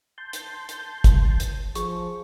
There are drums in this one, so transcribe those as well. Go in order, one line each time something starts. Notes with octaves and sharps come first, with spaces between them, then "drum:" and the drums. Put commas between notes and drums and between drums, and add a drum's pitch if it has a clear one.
A5 C6 G6
drum: hi-hat
drum: hi-hat
drum: kick, hi-hat
drum: hi-hat
F3 G#4 C#6, drum: hi-hat